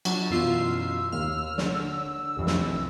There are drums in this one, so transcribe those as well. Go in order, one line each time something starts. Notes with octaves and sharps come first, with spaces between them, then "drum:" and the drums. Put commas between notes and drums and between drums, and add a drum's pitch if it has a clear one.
F#3 D4, drum: cymbal
F#2 B2 E3 F4 E6 C7
D#2 F6
D3 C#5, drum: snare
C2 F2 E3
drum: snare